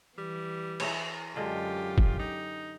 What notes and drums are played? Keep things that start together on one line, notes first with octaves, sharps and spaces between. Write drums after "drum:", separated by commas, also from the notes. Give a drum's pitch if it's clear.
E3 G3
E4 G#4 C#5, drum: cymbal
F#2 D3 G#3 F4 G4
drum: kick
D#4